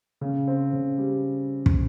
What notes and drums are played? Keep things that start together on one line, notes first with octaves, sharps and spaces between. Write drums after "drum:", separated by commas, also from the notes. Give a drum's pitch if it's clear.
C#3
C4
C#3
G3
drum: kick